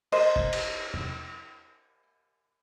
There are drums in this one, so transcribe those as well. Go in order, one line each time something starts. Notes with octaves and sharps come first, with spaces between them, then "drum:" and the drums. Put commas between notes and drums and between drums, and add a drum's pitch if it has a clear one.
A#4 C5 D#5, drum: cymbal
drum: kick
drum: cymbal
drum: tom E2